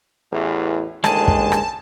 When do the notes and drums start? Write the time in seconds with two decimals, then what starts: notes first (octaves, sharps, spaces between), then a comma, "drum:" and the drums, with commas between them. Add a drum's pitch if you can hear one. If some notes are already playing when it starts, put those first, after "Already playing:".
0.31 A1 E2
1.04 A1 D#2 D3 G#3 D#5 A5, drum: rim click
1.28 drum: kick
1.52 drum: rim click